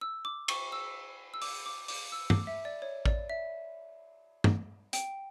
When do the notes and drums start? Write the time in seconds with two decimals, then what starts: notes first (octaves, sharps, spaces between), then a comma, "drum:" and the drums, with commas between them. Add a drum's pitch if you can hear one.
0.01 E6
0.25 D6
0.48 C#6, drum: cymbal
0.72 E6
1.34 E6
1.42 D6, drum: open hi-hat
1.66 D6
1.88 D6, drum: open hi-hat
2.12 E6
2.30 D6, drum: tom G2
2.47 E5
2.65 D5
2.82 C#5
3.06 D5, drum: kick A1
3.30 E5
4.44 drum: tom G2
4.93 G5, drum: hi-hat